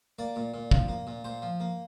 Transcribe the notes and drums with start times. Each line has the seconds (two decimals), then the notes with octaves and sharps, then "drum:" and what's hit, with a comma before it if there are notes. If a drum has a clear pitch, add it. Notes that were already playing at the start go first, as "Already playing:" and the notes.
0.19 A#3 D5
0.36 A#2
0.54 A#2
0.71 F3, drum: kick
0.89 A#3
1.07 A#2
1.24 A#2 C5
1.42 F3
1.60 A#3